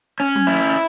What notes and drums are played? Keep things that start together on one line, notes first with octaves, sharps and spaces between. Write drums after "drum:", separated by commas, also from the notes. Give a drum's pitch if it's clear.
C#4
drum: tom F#3
E4